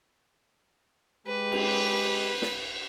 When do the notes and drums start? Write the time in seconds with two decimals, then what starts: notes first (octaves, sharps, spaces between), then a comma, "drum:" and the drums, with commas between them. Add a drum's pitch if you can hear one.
1.27 G#3 G4 B4
1.52 drum: cymbal
2.42 drum: snare